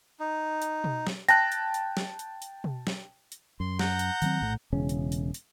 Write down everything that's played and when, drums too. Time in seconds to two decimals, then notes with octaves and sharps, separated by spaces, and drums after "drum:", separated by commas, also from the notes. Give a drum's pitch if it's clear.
0.20 D#4
0.62 drum: hi-hat
0.84 drum: tom B2
1.07 drum: snare
1.29 G5 A5 F#6 A#6, drum: hi-hat
1.52 drum: hi-hat
1.74 drum: hi-hat
1.97 drum: snare
2.19 drum: hi-hat
2.42 drum: hi-hat
2.64 drum: tom B2
2.87 drum: snare
3.32 drum: hi-hat
3.60 F#2 C6
3.79 F#5 A#5 G6, drum: snare
3.99 drum: hi-hat
4.22 D#3 F#3 C4, drum: hi-hat
4.41 A#1 A2
4.73 E1 C#3 C#4
4.89 drum: hi-hat
5.12 drum: hi-hat
5.34 drum: hi-hat